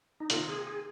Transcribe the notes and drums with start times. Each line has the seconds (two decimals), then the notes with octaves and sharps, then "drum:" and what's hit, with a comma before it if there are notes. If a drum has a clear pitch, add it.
0.20 D#4
0.30 C3 D#3 A#3 F4, drum: hi-hat
0.48 G#4
0.67 G#4